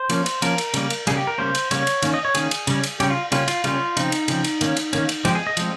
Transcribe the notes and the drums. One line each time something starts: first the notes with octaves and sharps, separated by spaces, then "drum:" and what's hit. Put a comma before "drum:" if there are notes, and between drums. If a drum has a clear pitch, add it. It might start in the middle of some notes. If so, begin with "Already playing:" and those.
Already playing: C5
F3 A#3 C#4, drum: cymbal
drum: cymbal
F3 A#3 C#4 A#4, drum: cymbal
drum: cymbal
C#3 G3 A#3, drum: cymbal
drum: cymbal
C#3 G3 A#3 G#4, drum: cymbal
G4
A#4
C#3 G3 A#3 C#4 C5
drum: cymbal
C#3 G3 A#3 C#4 C#5, drum: cymbal
drum: cymbal
D#3 A#3 C#4, drum: cymbal
D#5
C#5
D#3 A#3 C#4 G#4, drum: cymbal
drum: cymbal
C#3 G3 C#4, drum: cymbal
drum: cymbal
C#3 G3 C#4 G4, drum: cymbal
F4
C#3 G3 A#3 C#4 F4, drum: cymbal
F4, drum: cymbal
C#3 G3 A#3 C#4 F4, drum: cymbal
C#3 F3 C4 D#4, drum: cymbal
drum: cymbal
C#3 F3 C4, drum: cymbal
drum: cymbal
D#3 A#3 C#4, drum: cymbal
drum: cymbal
D#3 A#3 C#4, drum: cymbal
drum: cymbal
F3 G#3 C4 G4, drum: cymbal
G#4
D#5
F3 G#3 C4, drum: cymbal